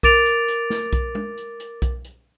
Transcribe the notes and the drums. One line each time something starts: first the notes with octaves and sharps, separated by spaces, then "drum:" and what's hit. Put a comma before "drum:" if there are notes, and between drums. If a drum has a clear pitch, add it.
A#4 D6 A6 D7 F7, drum: kick B1, hi-hat
drum: hi-hat
drum: hi-hat
drum: snare
drum: kick B1, hi-hat
drum: tom G#3
drum: hi-hat
drum: hi-hat
drum: kick B1, hi-hat
drum: hi-hat